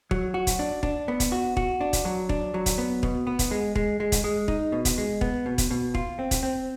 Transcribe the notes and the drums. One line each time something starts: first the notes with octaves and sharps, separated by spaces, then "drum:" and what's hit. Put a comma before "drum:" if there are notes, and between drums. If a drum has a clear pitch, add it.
F#3, drum: kick
F#4
drum: kick, hi-hat
D4
D4, drum: kick
B3
drum: kick, hi-hat
F#4
F#4, drum: kick
D4
drum: kick, hi-hat
F#3
D4, drum: kick
F#3
drum: kick, hi-hat
B3
B2, drum: kick
B3
drum: kick, hi-hat
G#3
G#3, drum: kick
G#3
drum: kick, hi-hat
G#3
D#4, drum: kick
B2
drum: kick, hi-hat
G#3
B3, drum: kick
B2
drum: kick, hi-hat
B2
F4, drum: kick
C4
drum: kick, hi-hat
C4